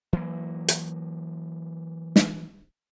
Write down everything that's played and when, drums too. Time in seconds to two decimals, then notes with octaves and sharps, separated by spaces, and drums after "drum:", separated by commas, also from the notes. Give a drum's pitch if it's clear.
0.13 E3 F#3 A#3
0.68 drum: hi-hat
2.16 drum: snare